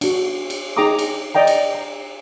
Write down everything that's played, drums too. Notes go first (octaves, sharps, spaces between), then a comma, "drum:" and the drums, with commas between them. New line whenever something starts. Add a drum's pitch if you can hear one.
D4 F#4, drum: cymbal
drum: cymbal
D#4 G#4 G5 A#5 D6 D#6
drum: cymbal
D5 D#5 G5 A#5
drum: cymbal
A#5